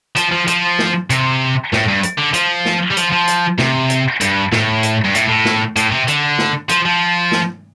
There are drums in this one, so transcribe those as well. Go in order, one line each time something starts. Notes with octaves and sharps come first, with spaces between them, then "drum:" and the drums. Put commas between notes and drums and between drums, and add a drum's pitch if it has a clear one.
F3, drum: hi-hat
F3
F3, drum: hi-hat
drum: snare
C3, drum: hi-hat
A2, drum: snare
G2
drum: hi-hat
D3
F3, drum: hi-hat
drum: snare
G3
F3, drum: hi-hat
F3
drum: hi-hat
C3, drum: snare
drum: hi-hat
G2, drum: hi-hat
A2, drum: snare
drum: hi-hat
G2
A2, drum: hi-hat
A2
drum: snare
A2, drum: hi-hat
C3
D3, drum: hi-hat
drum: snare
F3, drum: hi-hat
F3
drum: snare